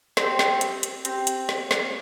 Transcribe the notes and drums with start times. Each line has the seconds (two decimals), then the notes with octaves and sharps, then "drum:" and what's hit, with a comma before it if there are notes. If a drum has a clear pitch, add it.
0.17 C4 G4, drum: snare
0.39 drum: snare
0.61 drum: hi-hat
0.83 drum: hi-hat
1.05 C4 G4, drum: hi-hat
1.27 drum: hi-hat
1.49 drum: snare
1.71 drum: snare